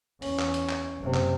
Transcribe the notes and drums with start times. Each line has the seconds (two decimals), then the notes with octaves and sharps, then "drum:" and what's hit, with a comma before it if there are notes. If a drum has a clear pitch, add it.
0.22 E2 C#4, drum: open hi-hat
0.39 drum: clap
0.54 drum: hi-hat
0.69 drum: clap
0.99 F#1 C3
1.14 drum: clap